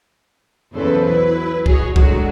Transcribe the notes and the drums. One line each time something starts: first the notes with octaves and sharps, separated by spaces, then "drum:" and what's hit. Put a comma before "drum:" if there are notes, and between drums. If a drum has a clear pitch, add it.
B1 E2 C#3 A4 B4 C5
F#3 E4 B4
F#4 G#4 C#5 D#5, drum: kick
D3 F#3 G#3 A3 F#4, drum: kick